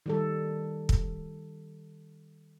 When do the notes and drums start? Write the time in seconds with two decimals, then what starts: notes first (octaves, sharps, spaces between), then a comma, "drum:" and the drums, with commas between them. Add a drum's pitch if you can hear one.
0.06 D#3 G3 A4
0.89 drum: kick